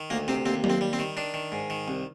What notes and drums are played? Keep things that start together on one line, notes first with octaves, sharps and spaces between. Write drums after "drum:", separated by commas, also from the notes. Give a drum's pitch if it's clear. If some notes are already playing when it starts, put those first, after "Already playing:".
Already playing: D#3
D2 A#3
C3 C4
D#2 C4
D#2, drum: tom F#3
C4
G3
C4
D#3
D#3 D4
D#3
G#2
D#3
C2